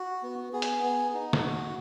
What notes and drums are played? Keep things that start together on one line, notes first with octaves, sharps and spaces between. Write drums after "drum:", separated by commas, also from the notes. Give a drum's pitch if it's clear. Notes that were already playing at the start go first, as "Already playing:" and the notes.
Already playing: F#4
B3
B3 G#4
drum: hi-hat
B3
D#4
drum: snare
F#4